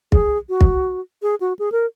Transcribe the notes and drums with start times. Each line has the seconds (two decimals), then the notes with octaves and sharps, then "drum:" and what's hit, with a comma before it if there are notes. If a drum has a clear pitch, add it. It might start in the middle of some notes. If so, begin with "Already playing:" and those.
0.12 G#4, drum: kick
0.49 F#4
0.61 drum: kick
1.22 G#4
1.40 F#4
1.59 G#4
1.72 A#4